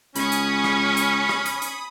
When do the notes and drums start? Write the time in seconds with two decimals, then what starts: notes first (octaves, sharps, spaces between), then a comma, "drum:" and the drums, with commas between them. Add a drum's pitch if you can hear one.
0.16 C#2 C#4 G#5 B5 C#6 D#6, drum: hi-hat
0.32 drum: hi-hat
0.64 drum: rim click
0.97 drum: hi-hat
1.29 drum: rim click
1.46 drum: hi-hat
1.62 drum: hi-hat